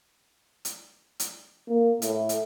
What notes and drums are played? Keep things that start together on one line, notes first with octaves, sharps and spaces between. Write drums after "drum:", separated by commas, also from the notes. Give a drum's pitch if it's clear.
drum: hi-hat
drum: hi-hat
A#3
A2, drum: hi-hat
drum: hi-hat